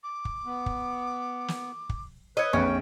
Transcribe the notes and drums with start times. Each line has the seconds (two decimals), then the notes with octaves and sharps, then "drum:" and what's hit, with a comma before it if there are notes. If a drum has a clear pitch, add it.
0.03 D6
0.25 drum: kick
0.46 B3
0.66 drum: kick
1.48 drum: snare
1.89 drum: kick
2.37 B4 C#5 D#5 E6
2.53 A#1 F2 C#4 G5